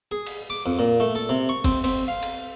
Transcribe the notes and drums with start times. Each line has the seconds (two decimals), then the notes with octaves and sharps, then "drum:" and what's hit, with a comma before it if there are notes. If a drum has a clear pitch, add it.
0.11 G#4
0.27 drum: cymbal
0.50 D6
0.66 F2
0.79 A#2
1.00 A3
1.15 A4
1.29 C3
1.49 C#6
1.64 C4, drum: kick, cymbal
1.84 C4, drum: cymbal
2.08 F5
2.23 drum: cymbal